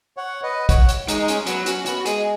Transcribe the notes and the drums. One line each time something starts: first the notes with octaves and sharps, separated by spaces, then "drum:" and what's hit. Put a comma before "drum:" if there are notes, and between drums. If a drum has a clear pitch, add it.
C#5 F#5
B4 D#5
C#5 F#5, drum: kick, hi-hat
drum: hi-hat
G#3 D#4, drum: hi-hat
D#4
C#4, drum: hi-hat
F#3 B3, drum: hi-hat
C#4 F#4, drum: hi-hat
B3 F#4, drum: hi-hat
G#3 G#4, drum: hi-hat